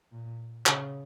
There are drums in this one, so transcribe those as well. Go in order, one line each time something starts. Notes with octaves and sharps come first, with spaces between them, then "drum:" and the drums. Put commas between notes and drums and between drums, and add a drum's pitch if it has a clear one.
A#2
C#3, drum: clap